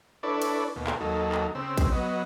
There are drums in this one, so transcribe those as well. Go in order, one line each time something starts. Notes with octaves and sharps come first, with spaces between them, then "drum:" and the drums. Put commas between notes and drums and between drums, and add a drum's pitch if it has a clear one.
D4 E4 A4 B4 C#5 D5
drum: cymbal
D#2 B2
drum: clap
D#2 F#3 D#4 A4
drum: clap
C#3 C4 E6
drum: kick A#1, cymbal
F#3 B3 D#5